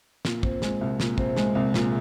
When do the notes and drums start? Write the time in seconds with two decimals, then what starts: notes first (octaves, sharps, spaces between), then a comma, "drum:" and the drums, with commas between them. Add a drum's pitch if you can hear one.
0.25 A#2, drum: snare
0.43 C4, drum: kick
0.62 G#3, drum: snare
0.81 C2
1.00 A#2, drum: snare
1.18 C4, drum: kick
1.37 G#3, drum: snare
1.55 C2
1.74 A#2, drum: snare